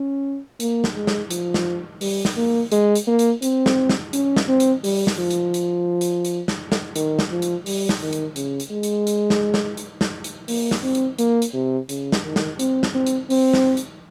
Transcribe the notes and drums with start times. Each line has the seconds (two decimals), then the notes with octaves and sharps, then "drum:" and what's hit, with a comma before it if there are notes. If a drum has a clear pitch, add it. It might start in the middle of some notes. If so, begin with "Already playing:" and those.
Already playing: C#4
0.60 A#3, drum: hi-hat
0.84 drum: snare
0.96 G#3
1.07 drum: snare
1.30 F3, drum: hi-hat
1.54 drum: snare
2.01 G3, drum: open hi-hat
2.25 drum: snare
2.37 A#3
2.72 G#3, drum: hi-hat
2.95 drum: hi-hat
3.07 A#3
3.19 drum: hi-hat
3.42 C4, drum: hi-hat
3.66 drum: snare
3.89 drum: snare
4.13 C#4, drum: hi-hat
4.37 drum: snare
4.48 C4
4.60 drum: hi-hat
4.84 G3, drum: open hi-hat
5.07 drum: snare
5.19 F3
5.31 drum: hi-hat
5.54 drum: hi-hat
6.01 drum: hi-hat
6.25 drum: hi-hat
6.48 drum: snare
6.72 drum: snare
6.96 D#3, drum: hi-hat
7.19 drum: snare
7.31 F3
7.42 drum: hi-hat
7.66 G3, drum: open hi-hat
7.89 drum: snare
8.01 D#3
8.13 drum: hi-hat
8.36 C#3, drum: hi-hat
8.60 drum: hi-hat
8.72 G#3
8.83 drum: hi-hat
9.07 drum: hi-hat
9.30 drum: snare
9.54 drum: snare
9.77 drum: hi-hat
10.01 drum: snare
10.24 drum: hi-hat
10.48 A#3, drum: open hi-hat
10.71 drum: snare
10.83 C4
10.95 drum: hi-hat
11.18 A#3, drum: hi-hat
11.42 drum: hi-hat
11.54 C3
11.89 C#3, drum: hi-hat
12.12 drum: snare
12.25 D#3
12.36 drum: snare
12.59 C4, drum: hi-hat
12.83 drum: snare
12.94 C4
13.06 drum: hi-hat
13.30 C4, drum: open hi-hat
13.54 drum: snare
13.77 drum: hi-hat